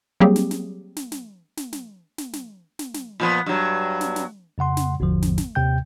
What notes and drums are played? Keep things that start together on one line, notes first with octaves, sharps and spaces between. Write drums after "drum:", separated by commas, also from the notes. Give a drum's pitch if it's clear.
F#3 G3 A#3 C4 G4 G#4
drum: snare
drum: snare
drum: snare
drum: snare
drum: snare
drum: snare
drum: snare
drum: snare
drum: snare
drum: snare
A#2 F3 B3
G2 F#3
drum: snare
drum: snare
F2 C#3 F#5 C6
drum: snare
G#1 E2 G#2 D3 F3
drum: snare
drum: snare
D#2 C3 G5 G6